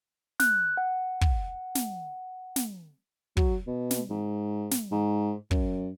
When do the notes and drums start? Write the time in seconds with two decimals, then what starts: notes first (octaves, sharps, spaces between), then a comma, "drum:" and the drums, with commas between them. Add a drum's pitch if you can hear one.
0.40 F#6, drum: snare
0.77 F#5
1.21 drum: kick
1.75 drum: snare
2.56 drum: snare
3.37 F#3, drum: kick
3.67 B2
3.91 drum: snare
4.10 G#2
4.71 drum: snare
4.92 G#2
5.51 F#2, drum: kick